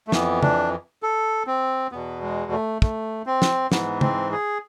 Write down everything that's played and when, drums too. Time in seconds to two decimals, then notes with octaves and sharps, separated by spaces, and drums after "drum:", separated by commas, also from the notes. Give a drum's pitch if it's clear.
0.08 A3
0.12 F2 E3 B3, drum: snare
0.43 D4, drum: tom
1.03 A4
1.47 C4
1.92 E2 B2 B3
2.22 G#3
2.52 A3
2.82 A3, drum: kick
3.26 C4
3.42 drum: snare
3.72 G#2 E3 B3, drum: snare
4.01 C4, drum: tom
4.32 G#4